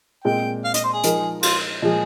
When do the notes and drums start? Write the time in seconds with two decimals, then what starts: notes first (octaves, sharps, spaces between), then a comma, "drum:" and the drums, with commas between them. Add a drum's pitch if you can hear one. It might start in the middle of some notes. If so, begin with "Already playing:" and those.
0.24 A#2 G#3 C4 G5
0.64 F5
0.74 D#5, drum: hi-hat
0.84 C5
0.93 G#4
1.03 F3 G#3 D#4 A#4, drum: hi-hat
1.43 F4, drum: cymbal
1.82 A#2 F3 G#3 G#4